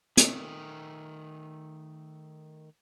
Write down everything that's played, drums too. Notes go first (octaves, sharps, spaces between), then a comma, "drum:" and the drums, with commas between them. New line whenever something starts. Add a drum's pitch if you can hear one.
D#3 A3, drum: hi-hat